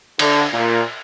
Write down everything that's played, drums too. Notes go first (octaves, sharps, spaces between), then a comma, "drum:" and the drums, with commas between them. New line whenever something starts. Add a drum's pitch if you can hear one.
D3, drum: cymbal
A#2